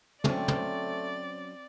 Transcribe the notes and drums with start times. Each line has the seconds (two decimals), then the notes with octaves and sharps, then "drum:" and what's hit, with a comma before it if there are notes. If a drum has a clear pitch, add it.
0.24 F#3 A3 C4 C#4 D5, drum: tom
0.48 drum: tom